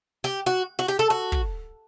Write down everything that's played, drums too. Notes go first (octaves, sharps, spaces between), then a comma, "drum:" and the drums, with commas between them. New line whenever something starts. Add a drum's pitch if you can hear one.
G4
F#4
F#4
G4
A4
F#4
drum: kick